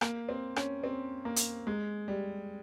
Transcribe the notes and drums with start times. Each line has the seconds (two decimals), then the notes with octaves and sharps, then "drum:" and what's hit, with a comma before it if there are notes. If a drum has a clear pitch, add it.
0.01 A#3, drum: rim click
0.29 C4
0.56 C#4, drum: rim click
0.84 C4
1.25 A#3
1.36 drum: hi-hat
1.67 G#3
2.08 G3